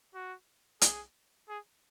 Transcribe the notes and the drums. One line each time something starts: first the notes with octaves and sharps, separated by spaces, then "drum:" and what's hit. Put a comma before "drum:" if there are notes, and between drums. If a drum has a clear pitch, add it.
F#4
G#4, drum: hi-hat
G#4